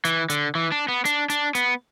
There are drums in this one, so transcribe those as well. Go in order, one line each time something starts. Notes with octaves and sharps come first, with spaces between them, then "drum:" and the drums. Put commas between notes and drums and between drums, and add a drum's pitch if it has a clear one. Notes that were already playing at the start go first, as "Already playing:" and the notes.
E3, drum: hi-hat
D3, drum: hi-hat
E3
D4
B3
D4, drum: hi-hat
D4, drum: hi-hat
B3, drum: hi-hat